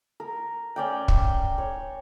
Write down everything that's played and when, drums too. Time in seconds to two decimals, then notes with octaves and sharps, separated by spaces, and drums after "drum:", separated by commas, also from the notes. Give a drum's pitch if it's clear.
0.20 A#4
0.76 C#4 D5 G5
1.08 drum: kick
1.58 C#5